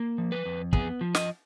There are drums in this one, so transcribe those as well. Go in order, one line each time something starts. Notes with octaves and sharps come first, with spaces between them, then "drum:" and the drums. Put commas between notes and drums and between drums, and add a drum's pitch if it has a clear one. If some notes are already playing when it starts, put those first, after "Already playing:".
Already playing: A#3
F3
B4
F2
B3 G#4, drum: kick
F3
D#5, drum: snare